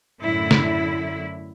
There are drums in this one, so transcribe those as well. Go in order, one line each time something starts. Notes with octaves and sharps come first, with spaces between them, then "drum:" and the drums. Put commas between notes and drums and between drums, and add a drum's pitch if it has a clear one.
F#2 A2 D3 E4
drum: snare